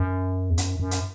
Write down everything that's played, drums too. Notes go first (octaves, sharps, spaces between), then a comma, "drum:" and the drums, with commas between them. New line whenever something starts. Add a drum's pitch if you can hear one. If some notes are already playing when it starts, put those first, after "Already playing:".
Already playing: F#2
E2
F#2, drum: hi-hat
F#2
drum: hi-hat